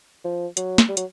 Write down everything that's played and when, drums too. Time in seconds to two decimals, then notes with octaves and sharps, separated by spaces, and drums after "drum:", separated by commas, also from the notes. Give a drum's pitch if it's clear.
0.25 F3
0.57 F#3, drum: hi-hat
0.78 drum: snare
0.89 G3
0.97 F#3, drum: hi-hat